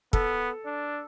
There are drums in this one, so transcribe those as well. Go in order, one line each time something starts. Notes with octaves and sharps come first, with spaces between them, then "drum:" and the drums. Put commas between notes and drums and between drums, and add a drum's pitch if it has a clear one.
B3 A4, drum: kick
D4